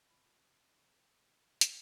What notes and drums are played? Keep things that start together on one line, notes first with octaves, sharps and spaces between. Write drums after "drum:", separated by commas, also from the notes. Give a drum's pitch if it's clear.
C3 F3 B5
C3 F3
drum: hi-hat